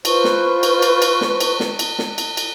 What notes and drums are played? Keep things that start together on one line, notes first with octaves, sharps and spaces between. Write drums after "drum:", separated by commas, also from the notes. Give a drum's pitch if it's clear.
F4 B4 C5 C#6, drum: cymbal
drum: snare
drum: cymbal
drum: cymbal
drum: cymbal
drum: snare
drum: cymbal
drum: snare
drum: cymbal
drum: snare
drum: cymbal
drum: cymbal